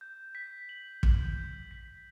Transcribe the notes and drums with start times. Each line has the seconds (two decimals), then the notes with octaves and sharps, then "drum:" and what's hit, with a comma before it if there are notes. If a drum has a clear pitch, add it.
0.01 G6
0.35 B6
0.69 F#7
1.03 G6, drum: kick
1.37 G6
1.71 B6